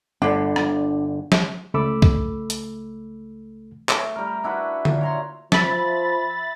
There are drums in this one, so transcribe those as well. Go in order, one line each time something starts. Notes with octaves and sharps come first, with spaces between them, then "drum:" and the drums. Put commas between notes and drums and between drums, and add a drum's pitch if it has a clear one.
G1 D3 D4
drum: rim click
drum: snare
C#2 A3 A4 B5 D6 E6
drum: kick C2
drum: hi-hat
A3, drum: clap
G3 A#4
D4 E4 F#4 B4
A#2, drum: tom D3
C#5 A#5 C6
F3 E5 B5 A6, drum: snare